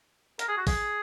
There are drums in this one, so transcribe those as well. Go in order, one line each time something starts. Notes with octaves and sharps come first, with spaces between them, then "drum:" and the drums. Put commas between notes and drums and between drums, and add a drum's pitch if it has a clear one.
A#4, drum: hi-hat
G#4
F#4
G#4, drum: kick, open hi-hat